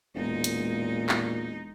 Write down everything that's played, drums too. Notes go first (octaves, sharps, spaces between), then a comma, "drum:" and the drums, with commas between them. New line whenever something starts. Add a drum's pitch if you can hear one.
E1 A#2 G#3 D#4
drum: hi-hat
drum: clap